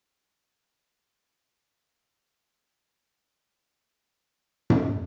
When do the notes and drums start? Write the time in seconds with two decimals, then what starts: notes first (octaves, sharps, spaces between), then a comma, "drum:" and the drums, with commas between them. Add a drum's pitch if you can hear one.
1.43 G4 G5 A#5
1.85 D3 A3 B3 F5 C6
3.53 E2 D#3 F#3
4.70 drum: tom F#2